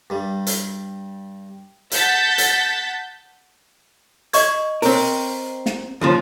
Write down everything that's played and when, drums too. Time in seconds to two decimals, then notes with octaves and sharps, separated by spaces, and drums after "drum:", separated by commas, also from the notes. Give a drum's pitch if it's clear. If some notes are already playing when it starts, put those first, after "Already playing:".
0.10 G2 G3
0.47 drum: hi-hat
1.91 F#5 A5 G6 A6 B6, drum: hi-hat
2.38 drum: hi-hat
4.33 D#5 C#6 G#6, drum: hi-hat
4.82 C4 A#4, drum: open hi-hat
5.66 drum: snare
6.01 D#2 C#3 F3